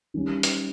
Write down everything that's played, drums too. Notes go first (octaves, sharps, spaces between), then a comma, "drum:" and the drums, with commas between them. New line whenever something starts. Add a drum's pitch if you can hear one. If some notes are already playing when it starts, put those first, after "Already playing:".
D#3 G3 C#4
drum: hi-hat